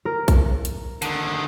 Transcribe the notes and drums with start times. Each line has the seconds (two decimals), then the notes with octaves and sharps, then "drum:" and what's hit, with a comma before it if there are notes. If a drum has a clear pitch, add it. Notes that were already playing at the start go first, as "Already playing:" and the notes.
0.05 A#4
0.28 drum: kick, hi-hat
0.65 drum: hi-hat
1.02 D3 D#3, drum: hi-hat